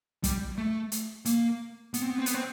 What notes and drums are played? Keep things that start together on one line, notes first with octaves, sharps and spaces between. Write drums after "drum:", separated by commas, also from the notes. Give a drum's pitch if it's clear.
G3, drum: kick, hi-hat
A3
drum: hi-hat
A#3, drum: hi-hat
B3, drum: hi-hat
C4
B3
C4
B3, drum: hi-hat
C4